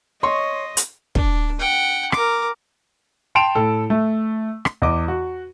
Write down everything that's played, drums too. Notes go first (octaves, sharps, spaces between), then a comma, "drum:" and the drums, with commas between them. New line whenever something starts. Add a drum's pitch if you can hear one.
C#5 D#5 C6
drum: hi-hat
D4, drum: kick
F#5 G5
A#4 D6, drum: rim click
G5 A5 C6 D7 E7 F7
A2 A4
A3
drum: rim click
E2 D#5 D6
F#4